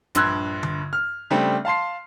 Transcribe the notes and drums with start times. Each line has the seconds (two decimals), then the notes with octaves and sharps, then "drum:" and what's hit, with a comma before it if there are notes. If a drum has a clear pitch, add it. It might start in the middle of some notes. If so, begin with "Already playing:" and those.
0.15 A#1 G2 C6 E6 F#6 G#6, drum: hi-hat
0.63 drum: tom D3
0.93 F6
1.30 C#3 G3 A3 C4 D4
1.65 F5 A5 C6 C7